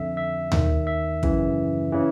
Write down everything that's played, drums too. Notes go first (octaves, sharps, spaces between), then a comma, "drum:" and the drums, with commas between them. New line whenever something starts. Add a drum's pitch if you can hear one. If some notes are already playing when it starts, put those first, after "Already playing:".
Already playing: F2 D3 E5
E5
D#2 D#3, drum: tom D#2
E5
F#2 C#3 E3, drum: kick
C#3 E3